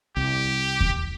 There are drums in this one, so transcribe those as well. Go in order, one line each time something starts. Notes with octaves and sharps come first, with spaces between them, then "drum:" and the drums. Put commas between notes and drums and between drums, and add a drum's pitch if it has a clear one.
C2 G4
drum: kick D#2